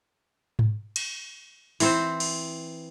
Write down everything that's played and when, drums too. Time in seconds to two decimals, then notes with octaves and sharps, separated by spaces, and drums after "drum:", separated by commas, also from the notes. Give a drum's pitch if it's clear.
0.59 drum: tom G#2
0.96 drum: cymbal
1.80 E3 C4 C5, drum: open hi-hat
2.20 drum: cymbal